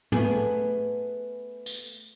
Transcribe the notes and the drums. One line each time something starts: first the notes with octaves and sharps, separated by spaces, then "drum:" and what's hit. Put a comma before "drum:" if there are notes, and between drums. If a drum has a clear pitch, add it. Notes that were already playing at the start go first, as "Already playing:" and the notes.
A3 B3 G#4, drum: tom
drum: tambourine